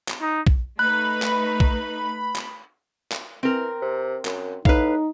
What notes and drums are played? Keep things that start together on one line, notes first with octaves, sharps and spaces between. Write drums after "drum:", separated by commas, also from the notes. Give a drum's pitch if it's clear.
drum: clap
D#4
drum: kick
A3 D#4 B4 B5 F#6
drum: clap
drum: kick
drum: clap
drum: clap
E3 C4 A#4
C3
F#2, drum: clap
A2 D#4 B4 F5, drum: kick